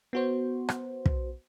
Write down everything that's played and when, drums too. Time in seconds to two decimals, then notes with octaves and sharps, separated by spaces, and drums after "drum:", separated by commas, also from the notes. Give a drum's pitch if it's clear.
0.13 B3 F#4 C5
0.69 drum: rim click
1.06 drum: kick